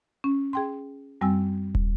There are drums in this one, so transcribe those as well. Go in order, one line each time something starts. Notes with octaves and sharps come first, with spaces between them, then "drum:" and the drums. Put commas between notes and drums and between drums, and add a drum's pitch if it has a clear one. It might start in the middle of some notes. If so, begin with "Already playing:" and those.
C#4
G#4 G5 C6
F#2 G3 C4 G#5 E6
drum: kick